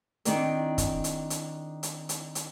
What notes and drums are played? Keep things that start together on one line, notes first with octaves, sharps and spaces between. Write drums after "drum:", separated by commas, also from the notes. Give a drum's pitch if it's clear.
D#3 C4 D4 E4 G#4 A#4, drum: hi-hat
drum: kick, hi-hat
drum: hi-hat
drum: hi-hat
drum: hi-hat
drum: hi-hat
drum: hi-hat